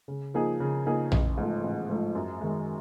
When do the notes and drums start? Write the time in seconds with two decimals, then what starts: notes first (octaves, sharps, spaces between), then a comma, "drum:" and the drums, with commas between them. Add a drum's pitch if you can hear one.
0.08 C#3
0.34 F3 A#3 D#4 G#4
0.60 C#3
0.86 F3 A#3 D#4 G#4
1.12 A1, drum: tom A#1
1.37 G#2 F3 A3
1.63 A1
1.90 G#2 F3 A3
2.15 F#2
2.41 D#3 G#3